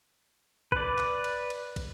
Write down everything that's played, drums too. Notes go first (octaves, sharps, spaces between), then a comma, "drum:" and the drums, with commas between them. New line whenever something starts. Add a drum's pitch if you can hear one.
B4 D5, drum: kick
drum: clap
drum: cymbal
drum: cymbal
drum: kick, cymbal